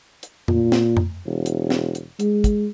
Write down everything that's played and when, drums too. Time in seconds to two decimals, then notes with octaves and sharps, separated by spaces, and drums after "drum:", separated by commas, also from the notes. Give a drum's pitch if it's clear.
0.23 drum: hi-hat
0.48 A#2, drum: tom F2
0.72 drum: snare
0.97 drum: tom F2
1.26 E1
1.46 drum: hi-hat
1.70 drum: snare
1.95 drum: hi-hat
2.20 G#3, drum: hi-hat
2.44 drum: kick, hi-hat